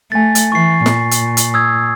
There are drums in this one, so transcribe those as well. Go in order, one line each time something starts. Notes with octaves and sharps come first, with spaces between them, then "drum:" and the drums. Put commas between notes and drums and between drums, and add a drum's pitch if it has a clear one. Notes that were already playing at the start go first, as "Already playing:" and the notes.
A3 G#5 A6
drum: hi-hat
E3 C#6 C7
A#2, drum: snare
drum: hi-hat
drum: hi-hat
D#6 E6 G#6